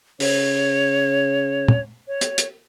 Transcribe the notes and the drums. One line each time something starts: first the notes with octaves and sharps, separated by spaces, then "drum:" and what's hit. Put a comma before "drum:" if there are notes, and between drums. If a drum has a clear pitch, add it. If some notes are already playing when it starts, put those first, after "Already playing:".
C#3 C#5, drum: open hi-hat
drum: tom
C#5
drum: hi-hat
drum: hi-hat